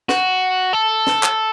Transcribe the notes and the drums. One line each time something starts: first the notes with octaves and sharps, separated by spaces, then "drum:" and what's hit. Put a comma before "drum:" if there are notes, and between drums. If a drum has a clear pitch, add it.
F#4, drum: snare
A4
drum: snare
drum: clap